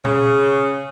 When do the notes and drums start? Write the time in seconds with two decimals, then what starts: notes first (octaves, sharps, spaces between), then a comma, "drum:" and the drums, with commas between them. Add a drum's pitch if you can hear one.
0.05 C#3, drum: tom A#2